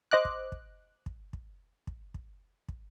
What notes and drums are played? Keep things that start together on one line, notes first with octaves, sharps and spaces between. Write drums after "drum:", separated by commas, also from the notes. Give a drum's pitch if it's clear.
C5 D#5 D6 F#6
drum: kick
drum: kick
drum: kick
drum: kick
drum: kick
drum: kick
drum: kick